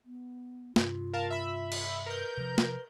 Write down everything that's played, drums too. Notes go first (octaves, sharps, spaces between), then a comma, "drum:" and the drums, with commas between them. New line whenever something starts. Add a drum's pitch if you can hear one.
B3
G2 C3 F4, drum: snare
A#4 F5 A5
E5 B5
drum: cymbal
A#4 B4 G6
C3 F3
drum: snare